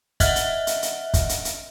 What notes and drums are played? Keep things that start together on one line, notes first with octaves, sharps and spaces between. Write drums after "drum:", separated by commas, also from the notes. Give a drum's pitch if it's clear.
D#5 E5 F#5 F6 F#6, drum: kick, hi-hat
drum: hi-hat
drum: hi-hat
drum: hi-hat
drum: kick, hi-hat
drum: hi-hat
drum: hi-hat